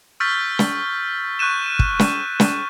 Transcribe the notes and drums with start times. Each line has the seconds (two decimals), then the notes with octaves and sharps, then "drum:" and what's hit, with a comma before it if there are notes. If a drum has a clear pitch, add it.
0.20 C#6 E6 F6 G6 A6 B6
0.59 drum: snare
1.39 C#6 F#6 G6 D#7 E7
1.79 drum: kick
1.99 drum: snare
2.40 drum: snare